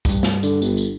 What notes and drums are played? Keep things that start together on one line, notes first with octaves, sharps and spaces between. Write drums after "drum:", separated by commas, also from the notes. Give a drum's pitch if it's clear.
G2, drum: kick, tambourine
drum: snare
D3, drum: tambourine
G1, drum: tambourine
drum: tambourine